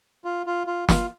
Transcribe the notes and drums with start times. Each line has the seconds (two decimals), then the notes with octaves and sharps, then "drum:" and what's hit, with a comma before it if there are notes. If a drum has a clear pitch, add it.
0.24 F4
0.46 F4
0.67 F4
0.89 F4, drum: snare